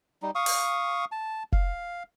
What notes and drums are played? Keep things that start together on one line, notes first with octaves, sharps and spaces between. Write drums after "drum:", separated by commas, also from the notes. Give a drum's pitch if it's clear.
G3 D#4
F5 C#6 D#6
drum: open hi-hat
A5
F5, drum: kick F1